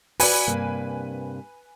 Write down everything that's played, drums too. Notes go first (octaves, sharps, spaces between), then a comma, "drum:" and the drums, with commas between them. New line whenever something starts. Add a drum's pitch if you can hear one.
F#4 B4 D5 G#5 B5, drum: open hi-hat
G2 C3 A#3